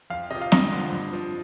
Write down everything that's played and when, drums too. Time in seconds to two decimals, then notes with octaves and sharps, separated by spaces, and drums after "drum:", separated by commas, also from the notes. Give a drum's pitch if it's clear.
0.10 F2 F5
0.31 C3 F3 D#5
0.42 F5
0.52 F2 D#5, drum: snare
0.73 D3 F3
0.92 G2
1.13 F3